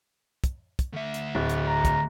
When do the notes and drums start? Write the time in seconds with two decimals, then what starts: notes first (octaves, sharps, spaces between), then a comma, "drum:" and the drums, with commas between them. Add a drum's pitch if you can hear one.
0.44 drum: kick, hi-hat
0.79 drum: kick, hi-hat
0.94 D2 E5
1.14 drum: hi-hat
1.35 D1
1.49 drum: hi-hat
1.67 A#5
1.85 drum: kick, hi-hat